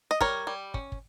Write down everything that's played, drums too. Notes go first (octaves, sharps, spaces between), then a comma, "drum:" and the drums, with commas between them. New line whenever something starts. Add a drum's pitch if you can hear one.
D#5
G3 A#4 C#5, drum: kick
G3
C#4, drum: kick
drum: kick